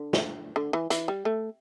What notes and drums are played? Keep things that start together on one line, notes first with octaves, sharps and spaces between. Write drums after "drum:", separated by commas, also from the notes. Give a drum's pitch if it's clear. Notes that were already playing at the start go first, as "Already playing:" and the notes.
Already playing: D3
drum: snare
D3
E3
E3, drum: hi-hat
G3
A3